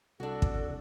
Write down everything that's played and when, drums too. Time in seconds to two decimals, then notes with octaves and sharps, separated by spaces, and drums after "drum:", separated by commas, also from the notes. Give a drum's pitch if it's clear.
0.20 C2 D4 F#4 A4
0.42 drum: kick